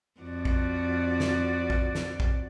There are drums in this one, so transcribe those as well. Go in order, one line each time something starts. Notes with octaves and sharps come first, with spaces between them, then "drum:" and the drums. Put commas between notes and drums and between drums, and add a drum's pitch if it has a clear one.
F2 F#4 D5
drum: kick A#1
drum: snare
drum: kick A#1
drum: snare
drum: kick A#1